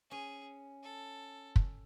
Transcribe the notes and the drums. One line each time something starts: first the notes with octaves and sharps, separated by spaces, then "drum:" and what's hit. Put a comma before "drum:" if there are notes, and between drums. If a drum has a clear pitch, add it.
C#4 G#4
A4
drum: kick